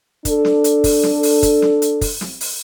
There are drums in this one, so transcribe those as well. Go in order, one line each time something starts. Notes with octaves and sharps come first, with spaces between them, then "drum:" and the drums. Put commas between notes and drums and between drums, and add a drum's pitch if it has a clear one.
D4 A4, drum: kick, hi-hat
drum: snare
drum: hi-hat
drum: kick, open hi-hat
drum: snare
drum: open hi-hat
drum: kick, hi-hat
drum: snare
drum: hi-hat
drum: kick, open hi-hat
drum: snare
drum: open hi-hat